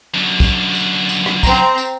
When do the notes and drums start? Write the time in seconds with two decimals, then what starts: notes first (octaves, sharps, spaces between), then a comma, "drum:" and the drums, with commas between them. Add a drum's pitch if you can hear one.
0.14 F#2 D3
0.40 drum: kick, tambourine
0.75 drum: tambourine
1.09 drum: tambourine
1.26 drum: rim click
1.43 C4 A#5, drum: kick, tambourine
1.78 drum: tambourine